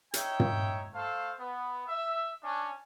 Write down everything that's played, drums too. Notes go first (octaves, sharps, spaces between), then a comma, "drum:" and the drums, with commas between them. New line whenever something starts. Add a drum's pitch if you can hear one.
D#4 C#5 E5 G5, drum: hi-hat
drum: tom
A3 A4 C5 F5
B3
E5
C#4 D4